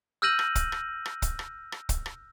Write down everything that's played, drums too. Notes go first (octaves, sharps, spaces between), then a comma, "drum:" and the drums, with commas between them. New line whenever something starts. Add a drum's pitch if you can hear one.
E6 F6 G6 A#6 D#7 F#7
drum: rim click
drum: kick, hi-hat
drum: rim click
drum: rim click
drum: kick, hi-hat
drum: rim click
drum: rim click
drum: kick, hi-hat
drum: rim click